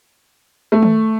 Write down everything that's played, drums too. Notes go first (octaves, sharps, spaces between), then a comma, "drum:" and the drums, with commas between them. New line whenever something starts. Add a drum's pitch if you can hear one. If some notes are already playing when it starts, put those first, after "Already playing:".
A3
drum: tom D#3